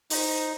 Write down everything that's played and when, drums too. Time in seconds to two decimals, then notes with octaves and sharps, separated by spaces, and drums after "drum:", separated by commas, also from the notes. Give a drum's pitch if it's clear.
0.10 D#4 C5 D#5, drum: open hi-hat